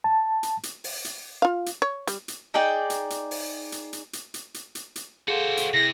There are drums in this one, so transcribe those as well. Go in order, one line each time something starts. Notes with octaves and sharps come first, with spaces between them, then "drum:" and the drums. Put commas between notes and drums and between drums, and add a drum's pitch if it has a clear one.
A5
drum: hi-hat
drum: hi-hat
drum: open hi-hat
drum: hi-hat
F4 F5
drum: hi-hat
C#5
G3, drum: hi-hat
drum: hi-hat
D#4 G#4 D5 G5
drum: hi-hat
drum: hi-hat
drum: open hi-hat
drum: hi-hat
drum: hi-hat
drum: hi-hat
drum: hi-hat
drum: hi-hat
drum: hi-hat
drum: hi-hat
F#4 G#4 A4 C5 F5 F#5
drum: hi-hat
C3 E4 A#6